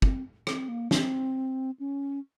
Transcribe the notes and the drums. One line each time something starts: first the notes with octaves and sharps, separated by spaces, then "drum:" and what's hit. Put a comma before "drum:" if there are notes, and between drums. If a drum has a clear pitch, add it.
C4, drum: kick
C4, drum: rim click
A#3
C4, drum: snare
C#4